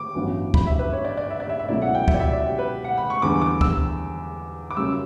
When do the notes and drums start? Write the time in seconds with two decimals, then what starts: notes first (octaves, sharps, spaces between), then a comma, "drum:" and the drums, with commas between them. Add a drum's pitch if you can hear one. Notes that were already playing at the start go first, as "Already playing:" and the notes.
Already playing: D6
0.15 A1 G2 F#3 B3 E4
0.54 B5, drum: kick
0.67 E5
0.79 B4
0.92 C#5
1.05 D5
1.17 D5
1.30 E5
1.40 D5
1.49 E5
1.59 E5
1.69 C#2 B2 F#3 A3 E4 D5
1.82 F#5
1.95 G5
2.08 E5, drum: kick
2.14 D5
2.20 E5
2.33 D5
2.46 G4
2.59 B4
2.84 F#5
2.97 B5
3.10 C#6
3.22 E2 D3 G3 B3 D6
3.42 D6
3.61 E6, drum: kick
4.71 D6
4.77 F#2 C#3 G3 E6